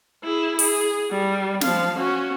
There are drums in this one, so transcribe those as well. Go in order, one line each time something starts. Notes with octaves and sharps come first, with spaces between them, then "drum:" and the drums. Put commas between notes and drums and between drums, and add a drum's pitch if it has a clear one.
E4 G#4
G#4, drum: open hi-hat
G3
F3 F5, drum: snare
C#4 F#4